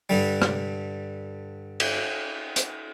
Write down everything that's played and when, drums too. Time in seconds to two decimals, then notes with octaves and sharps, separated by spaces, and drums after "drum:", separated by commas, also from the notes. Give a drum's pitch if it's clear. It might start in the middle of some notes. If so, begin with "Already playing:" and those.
0.10 G2 D3 G3
0.42 drum: rim click
1.80 drum: cymbal
2.56 drum: hi-hat